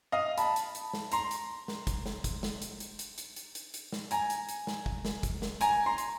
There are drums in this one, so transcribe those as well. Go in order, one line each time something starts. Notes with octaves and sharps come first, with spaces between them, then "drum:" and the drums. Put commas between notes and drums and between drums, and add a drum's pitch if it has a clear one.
D#5 F5
A5 B5, drum: hi-hat
drum: hi-hat
drum: hi-hat
drum: snare
A#5 C6, drum: hi-hat
drum: hi-hat
drum: snare
drum: kick, hi-hat
drum: snare
drum: kick, hi-hat
drum: snare
drum: hi-hat
drum: hi-hat
drum: hi-hat
drum: hi-hat
drum: hi-hat
drum: hi-hat
drum: hi-hat
drum: snare
G#5 A#5, drum: hi-hat
drum: hi-hat
drum: hi-hat
drum: snare
drum: kick
drum: snare
drum: kick, hi-hat
drum: snare
G#5 A#5, drum: hi-hat
A#5 C6
drum: hi-hat